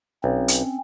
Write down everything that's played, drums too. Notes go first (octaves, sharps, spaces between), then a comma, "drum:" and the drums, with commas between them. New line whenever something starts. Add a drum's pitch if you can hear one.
B1 C4 C#4
drum: hi-hat